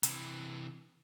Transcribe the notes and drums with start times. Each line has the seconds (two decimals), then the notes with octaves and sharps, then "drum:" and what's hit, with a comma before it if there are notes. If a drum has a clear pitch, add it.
0.03 C3 E3, drum: hi-hat